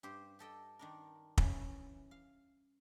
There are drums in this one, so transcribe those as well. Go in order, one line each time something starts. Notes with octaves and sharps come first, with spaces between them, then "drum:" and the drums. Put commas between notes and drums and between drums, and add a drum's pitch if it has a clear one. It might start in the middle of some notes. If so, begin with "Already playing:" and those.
G2 G4 C5
G4 A4 D#5 G5
D#3 D4 A#4
E3 C#4, drum: kick
F5